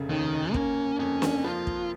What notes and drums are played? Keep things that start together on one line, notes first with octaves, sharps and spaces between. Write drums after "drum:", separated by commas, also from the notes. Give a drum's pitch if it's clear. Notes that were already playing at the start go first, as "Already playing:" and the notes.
Already playing: F1 C#3 A3
D#2 D#3
A#3 C#4, drum: kick
F2 C#4
drum: snare
F3 F4
drum: kick